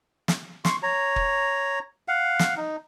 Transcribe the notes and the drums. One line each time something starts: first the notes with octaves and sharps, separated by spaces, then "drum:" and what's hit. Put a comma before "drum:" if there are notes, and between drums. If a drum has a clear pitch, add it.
drum: snare
C6 C#6, drum: snare
C#5 A#5
drum: kick
F5 F#5
drum: snare
D#4